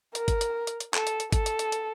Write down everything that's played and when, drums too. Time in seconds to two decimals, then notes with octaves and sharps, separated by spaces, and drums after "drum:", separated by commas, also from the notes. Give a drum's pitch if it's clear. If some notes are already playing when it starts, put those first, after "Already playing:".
0.15 A#4, drum: hi-hat
0.28 drum: kick G#1, hi-hat
0.41 drum: hi-hat
0.67 drum: hi-hat
0.80 drum: hi-hat
0.94 A4, drum: clap
1.07 drum: hi-hat
1.20 drum: hi-hat
1.32 A4, drum: kick G#1, hi-hat
1.46 drum: hi-hat
1.59 drum: hi-hat
1.72 drum: hi-hat